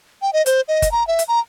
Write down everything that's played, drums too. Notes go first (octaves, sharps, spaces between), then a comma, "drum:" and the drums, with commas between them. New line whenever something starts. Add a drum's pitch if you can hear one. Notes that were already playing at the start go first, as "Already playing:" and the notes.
G5
D#5
C5, drum: hi-hat
D#5
drum: kick, hi-hat
A#5
E5
drum: hi-hat
A#5